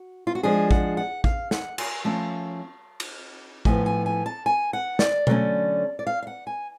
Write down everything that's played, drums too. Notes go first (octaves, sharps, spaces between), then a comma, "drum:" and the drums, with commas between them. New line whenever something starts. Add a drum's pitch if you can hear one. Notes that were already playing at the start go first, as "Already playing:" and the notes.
Already playing: F#4
F4
F#4
F3 G#3 D4 G#4
F#5, drum: kick
F#5
F5, drum: kick
F#5, drum: snare
G#5, drum: cymbal
F3 A3 C#4 A5
drum: cymbal
A2 F3 B3 G#5, drum: kick
G#5
G#5
A5
G#5
F#5
D5, drum: snare
D3 F#3 A3 C#4, drum: tom B2
D5
F5
F5
F#5
G#5